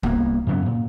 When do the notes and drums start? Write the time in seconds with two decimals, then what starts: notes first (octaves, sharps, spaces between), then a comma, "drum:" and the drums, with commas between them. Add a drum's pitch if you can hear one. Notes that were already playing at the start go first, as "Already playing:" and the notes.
0.03 C2 A#3 B3, drum: kick
0.47 F#2 C#3 F#3 B3
0.66 A#2